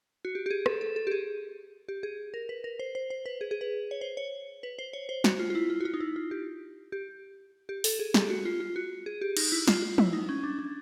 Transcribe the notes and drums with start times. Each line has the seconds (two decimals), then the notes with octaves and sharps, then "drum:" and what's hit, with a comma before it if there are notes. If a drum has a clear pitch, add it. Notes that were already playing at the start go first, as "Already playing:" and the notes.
0.25 F#4
0.35 G4
0.46 G4
0.51 G#4
0.66 A4, drum: rim click
0.81 A4
0.96 A4
1.07 G4
1.11 G#4
1.89 G4
2.03 G#4
2.34 A#4
2.49 B4
2.64 A#4
2.79 C5
2.95 C5
3.10 C5
3.26 B4
3.41 G#4
3.51 G#4
3.61 B4
3.91 C#5
4.01 C5
4.17 C#5
4.63 B4
4.79 C5
4.93 C#5
5.09 C5
5.24 F#4, drum: snare
5.39 F4
5.50 F4
5.55 E4
5.70 F4
5.80 F#4
5.85 F4
5.94 D#4
6.00 E4
6.16 F4
6.31 G4
6.92 G4
7.69 G4
7.84 A4, drum: open hi-hat
7.99 G#4
8.14 G4, drum: snare
8.30 F#4
8.45 F4
8.60 F4
8.76 F#4
9.06 G#4
9.21 G4
9.37 D#4, drum: cymbal
9.52 E4
9.68 F4, drum: snare
9.82 F4
9.98 E4, drum: tom
10.13 D#4
10.29 C#4
10.43 D4
10.59 D4